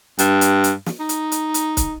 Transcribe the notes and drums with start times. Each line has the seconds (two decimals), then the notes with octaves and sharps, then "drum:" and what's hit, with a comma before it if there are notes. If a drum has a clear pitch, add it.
0.19 G2, drum: hi-hat
0.41 drum: hi-hat
0.64 drum: hi-hat
0.86 drum: snare
0.99 D#4
1.09 drum: hi-hat
1.32 drum: hi-hat
1.54 drum: hi-hat
1.77 drum: kick, hi-hat